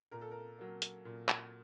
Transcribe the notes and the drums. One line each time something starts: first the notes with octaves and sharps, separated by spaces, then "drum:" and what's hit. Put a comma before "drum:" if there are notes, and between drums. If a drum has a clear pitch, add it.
A#2 A#4
A4
A#4
F#3 A#3
drum: hi-hat
A#2
drum: clap